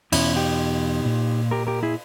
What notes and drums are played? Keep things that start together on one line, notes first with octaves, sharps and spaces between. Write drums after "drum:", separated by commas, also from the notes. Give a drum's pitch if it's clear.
E2 B2 C#4 E4, drum: cymbal
D#4 G4
A#2
G4 A#4
G4 A#4
E4 G#4